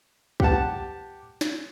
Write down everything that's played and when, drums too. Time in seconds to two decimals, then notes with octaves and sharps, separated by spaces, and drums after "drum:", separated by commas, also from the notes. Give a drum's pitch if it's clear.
0.40 G4 F#5 A5, drum: kick B1
1.41 drum: snare